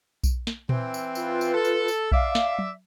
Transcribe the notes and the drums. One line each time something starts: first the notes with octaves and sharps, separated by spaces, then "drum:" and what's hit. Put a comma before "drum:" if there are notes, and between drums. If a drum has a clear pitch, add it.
drum: kick B1, tambourine
drum: snare
E3 C4, drum: tom A#2
drum: tambourine
F4 B4, drum: tambourine
drum: tambourine
A4
drum: tambourine
drum: tambourine
D5 E5 F5, drum: kick B1
drum: snare
drum: tom F#3